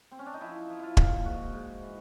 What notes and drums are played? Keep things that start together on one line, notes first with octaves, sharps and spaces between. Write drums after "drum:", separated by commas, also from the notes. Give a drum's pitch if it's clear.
C4
C#4
D4
D#4
F3 E4
F3
E4 F4
A#2, drum: kick
G#2 F#4
G#2
E3